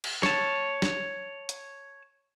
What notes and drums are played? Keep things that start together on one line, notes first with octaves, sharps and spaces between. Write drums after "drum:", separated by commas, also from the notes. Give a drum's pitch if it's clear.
drum: cymbal
C#5 A5, drum: snare
drum: snare
drum: hi-hat